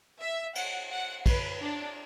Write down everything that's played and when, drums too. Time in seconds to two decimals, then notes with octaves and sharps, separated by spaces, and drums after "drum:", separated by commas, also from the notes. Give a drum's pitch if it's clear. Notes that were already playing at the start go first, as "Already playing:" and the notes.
0.20 E5
0.55 F#5, drum: cymbal
0.91 F#5
1.26 B4, drum: kick, cymbal
1.61 D4